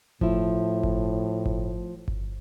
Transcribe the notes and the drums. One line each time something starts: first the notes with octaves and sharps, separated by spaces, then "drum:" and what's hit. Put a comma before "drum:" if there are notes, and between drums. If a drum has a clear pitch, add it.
A2 F3 E4, drum: kick G1
drum: kick G1
drum: kick G1
drum: kick G1